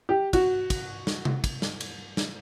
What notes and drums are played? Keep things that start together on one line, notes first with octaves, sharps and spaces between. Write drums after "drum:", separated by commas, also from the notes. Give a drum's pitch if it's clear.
G4
F#4, drum: kick, cymbal
drum: kick, cymbal
drum: snare
drum: tom C3
drum: kick, cymbal
drum: snare
drum: cymbal
drum: snare